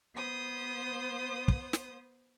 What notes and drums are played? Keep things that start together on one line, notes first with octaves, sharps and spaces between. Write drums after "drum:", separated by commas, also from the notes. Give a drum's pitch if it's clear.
B3 C5 D#6
drum: kick
drum: snare